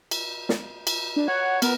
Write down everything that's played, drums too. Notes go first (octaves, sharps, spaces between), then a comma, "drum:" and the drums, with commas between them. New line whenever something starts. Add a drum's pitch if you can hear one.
drum: cymbal
drum: snare
drum: cymbal
D4
C#5 F#5
B3 A#4, drum: cymbal